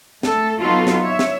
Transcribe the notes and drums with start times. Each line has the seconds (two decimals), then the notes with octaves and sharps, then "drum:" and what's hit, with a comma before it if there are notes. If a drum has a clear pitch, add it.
0.23 A3 A4, drum: snare
0.60 F#3 B3 D#4 F4 F#4 A4
0.87 drum: snare
1.03 C#5 E5
1.19 drum: snare